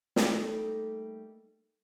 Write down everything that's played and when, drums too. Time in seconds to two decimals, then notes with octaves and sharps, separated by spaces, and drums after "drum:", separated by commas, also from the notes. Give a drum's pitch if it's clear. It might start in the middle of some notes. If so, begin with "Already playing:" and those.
0.16 G3 A3 A#3 D#4 A4, drum: snare